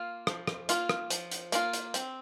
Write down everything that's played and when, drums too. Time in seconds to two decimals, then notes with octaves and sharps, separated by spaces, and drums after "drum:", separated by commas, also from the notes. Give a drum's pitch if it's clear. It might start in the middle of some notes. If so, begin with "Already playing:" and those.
Already playing: A#3 F4
0.27 F3, drum: rim click
0.47 drum: rim click
0.69 A#3 F4, drum: hi-hat
0.89 drum: rim click
1.10 F3, drum: hi-hat
1.31 drum: hi-hat
1.52 A#3 F4, drum: hi-hat
1.73 drum: hi-hat
1.94 C4, drum: hi-hat